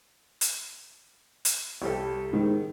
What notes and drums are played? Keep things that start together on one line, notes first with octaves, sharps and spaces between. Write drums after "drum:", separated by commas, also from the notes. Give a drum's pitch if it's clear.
drum: hi-hat
drum: hi-hat
C2 G4 A4
G#2 D#3